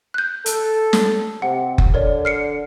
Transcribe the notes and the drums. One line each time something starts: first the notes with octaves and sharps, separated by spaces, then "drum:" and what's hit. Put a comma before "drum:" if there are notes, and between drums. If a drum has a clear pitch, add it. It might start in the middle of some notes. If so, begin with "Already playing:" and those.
F#6 G6
A4, drum: hi-hat
drum: snare
C3 F#5
drum: kick F#1
D3 A#4 C#5 D5
F6 C7 C#7